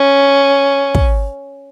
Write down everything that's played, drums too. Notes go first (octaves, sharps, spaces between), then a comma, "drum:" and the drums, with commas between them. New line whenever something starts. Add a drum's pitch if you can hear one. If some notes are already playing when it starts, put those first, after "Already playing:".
Already playing: C#4
drum: kick